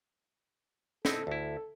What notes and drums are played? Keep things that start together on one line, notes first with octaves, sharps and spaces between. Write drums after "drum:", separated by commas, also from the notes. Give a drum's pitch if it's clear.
C4 D#4 E4 A4, drum: snare
D2 E4